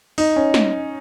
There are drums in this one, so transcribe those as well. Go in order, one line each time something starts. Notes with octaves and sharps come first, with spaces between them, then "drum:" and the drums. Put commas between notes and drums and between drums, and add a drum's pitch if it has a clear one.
D#4, drum: open hi-hat
C#4
drum: snare